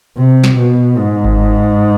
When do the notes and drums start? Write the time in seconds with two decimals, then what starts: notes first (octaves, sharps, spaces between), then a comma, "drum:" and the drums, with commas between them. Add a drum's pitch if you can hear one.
0.17 C3
0.44 drum: snare
0.58 B2
0.97 G#2
1.25 drum: kick G1